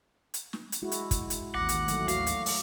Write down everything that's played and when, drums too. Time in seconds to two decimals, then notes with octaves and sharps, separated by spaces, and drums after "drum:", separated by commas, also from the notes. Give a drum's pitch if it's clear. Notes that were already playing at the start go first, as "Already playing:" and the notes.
0.34 drum: hi-hat
0.53 drum: snare
0.72 drum: hi-hat
0.82 G#3 E4 F#4
0.92 drum: hi-hat
1.11 drum: kick, hi-hat
1.30 drum: hi-hat
1.54 A1 D#2 F#5 D6 A#6
1.69 drum: hi-hat
1.88 F#3 A3, drum: hi-hat
2.08 F#4 F5, drum: hi-hat
2.27 drum: hi-hat
2.46 drum: open hi-hat